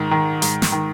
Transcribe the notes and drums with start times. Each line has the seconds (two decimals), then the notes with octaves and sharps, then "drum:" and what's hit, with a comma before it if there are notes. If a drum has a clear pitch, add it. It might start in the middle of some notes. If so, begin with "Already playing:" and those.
Already playing: G#2 D#3
0.11 D#3
0.42 G#2, drum: hi-hat
0.62 drum: snare
0.72 D#3